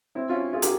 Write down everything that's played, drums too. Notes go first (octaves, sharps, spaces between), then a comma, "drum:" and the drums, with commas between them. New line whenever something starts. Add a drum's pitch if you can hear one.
C4 E4
C#4 F4
F4 G#4
G4 A#4, drum: hi-hat